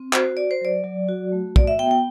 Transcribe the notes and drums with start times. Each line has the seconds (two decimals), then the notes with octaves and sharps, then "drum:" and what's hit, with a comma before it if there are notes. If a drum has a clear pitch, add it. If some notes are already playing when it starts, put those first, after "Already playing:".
Already playing: C4
0.13 F#4 C5, drum: clap
0.37 F#4 D5
0.51 C5
0.61 F#3 D5
0.84 F#3
1.09 F#4
1.32 A3
1.56 F#4 D5, drum: kick
1.67 E5
1.79 B3 G5
1.91 G5